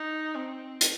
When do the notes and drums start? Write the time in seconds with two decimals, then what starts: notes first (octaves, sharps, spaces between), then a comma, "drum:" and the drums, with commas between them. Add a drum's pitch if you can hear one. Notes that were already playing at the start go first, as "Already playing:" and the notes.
Already playing: D#4
0.35 C4
0.81 drum: hi-hat